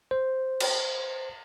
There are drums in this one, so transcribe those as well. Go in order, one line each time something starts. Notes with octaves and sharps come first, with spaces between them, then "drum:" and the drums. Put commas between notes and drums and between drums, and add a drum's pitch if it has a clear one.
C5
drum: cymbal